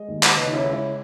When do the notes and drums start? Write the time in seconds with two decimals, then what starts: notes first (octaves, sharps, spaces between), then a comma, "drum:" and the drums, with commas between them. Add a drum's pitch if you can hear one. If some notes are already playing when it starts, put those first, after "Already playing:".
Already playing: G#3 D#5
0.08 D#2
0.23 drum: clap
0.36 C#3 B4 D#5
0.47 D#4
0.54 C#4 E4
0.64 G#3
0.73 C#4 E4